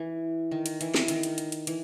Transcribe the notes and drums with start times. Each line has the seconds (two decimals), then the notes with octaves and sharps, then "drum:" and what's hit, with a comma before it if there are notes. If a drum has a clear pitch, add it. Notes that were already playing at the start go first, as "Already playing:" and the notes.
Already playing: E3
0.51 D#3
0.66 drum: hi-hat
0.81 E3, drum: hi-hat
0.95 drum: snare
1.08 D#3, drum: hi-hat
1.23 drum: hi-hat
1.38 drum: hi-hat
1.52 drum: hi-hat
1.67 E3, drum: hi-hat